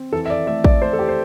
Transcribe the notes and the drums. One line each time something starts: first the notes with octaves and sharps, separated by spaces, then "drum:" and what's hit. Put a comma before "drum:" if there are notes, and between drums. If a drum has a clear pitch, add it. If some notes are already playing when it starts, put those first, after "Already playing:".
Already playing: C4
E3 A4
E5
D5
A3 E5
D5, drum: kick
A3 C5
A4
G4
C5